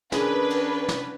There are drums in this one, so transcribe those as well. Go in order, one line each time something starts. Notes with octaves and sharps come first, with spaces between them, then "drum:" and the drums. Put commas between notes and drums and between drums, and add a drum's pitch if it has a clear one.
D#3 C#4 D4 G#4 B4, drum: snare
drum: cymbal
drum: snare